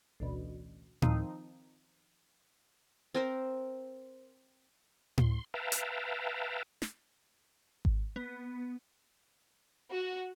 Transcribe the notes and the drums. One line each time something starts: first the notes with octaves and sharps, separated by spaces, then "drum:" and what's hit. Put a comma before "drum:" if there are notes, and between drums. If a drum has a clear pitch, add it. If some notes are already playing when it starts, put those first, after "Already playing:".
A1 D2 B2
D#3 F3 C4 D#4, drum: tom A2
C4 A#4 C5
C6, drum: tom A2
B4 E5 F5 G5 A5 A#5
drum: hi-hat
drum: snare
drum: kick G#1
B3
F#4